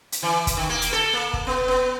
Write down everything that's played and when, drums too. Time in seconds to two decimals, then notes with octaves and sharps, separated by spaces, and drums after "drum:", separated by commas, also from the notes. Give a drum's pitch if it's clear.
0.12 drum: hi-hat
0.22 E3
0.47 drum: kick, hi-hat
0.57 D#3
0.70 A#3
0.82 drum: hi-hat
0.93 A4
1.13 A#3
1.33 drum: kick
1.47 B3
1.68 B3